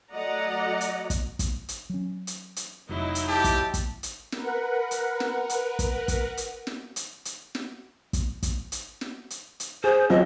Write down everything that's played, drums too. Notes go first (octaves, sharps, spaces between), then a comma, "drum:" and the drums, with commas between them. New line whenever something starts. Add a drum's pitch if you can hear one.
F#3 A3 D5 D#5 F#5 A#5
drum: hi-hat
drum: kick, hi-hat
drum: kick, hi-hat
drum: hi-hat
F#3 C#4
drum: hi-hat
drum: hi-hat
F1 F#3 D#4 E4
drum: hi-hat
G4 A5
drum: kick, hi-hat
drum: kick, hi-hat
drum: hi-hat
A#4 B4 F#5, drum: snare
drum: hi-hat
drum: snare
drum: hi-hat
drum: kick, hi-hat
drum: kick, hi-hat
drum: hi-hat
drum: snare
drum: hi-hat
drum: hi-hat
drum: snare
drum: kick, hi-hat
drum: kick, hi-hat
drum: hi-hat
drum: snare
drum: hi-hat
drum: hi-hat
G#4 C5
F#3 C4 F4 D#5